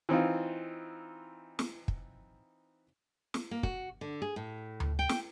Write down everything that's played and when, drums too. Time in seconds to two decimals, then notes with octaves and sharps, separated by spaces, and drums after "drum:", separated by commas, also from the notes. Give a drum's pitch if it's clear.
0.09 E3 C4 D#4 F4
1.59 drum: snare
1.88 drum: kick
3.34 drum: snare
3.51 A#3
3.63 F#4, drum: kick
4.01 D3
4.22 G#4
4.36 A2
4.80 drum: tom D2
4.99 G5
5.09 drum: snare